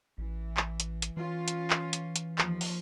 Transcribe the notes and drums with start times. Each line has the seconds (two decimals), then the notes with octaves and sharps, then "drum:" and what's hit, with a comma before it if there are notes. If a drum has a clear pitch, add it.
0.18 A1 E3
0.57 drum: clap
0.80 drum: hi-hat
1.02 drum: hi-hat
1.17 E3 C#4 F4
1.48 drum: hi-hat
1.70 drum: clap
1.93 drum: hi-hat
2.16 drum: hi-hat
2.38 D#2 F3, drum: clap
2.61 drum: open hi-hat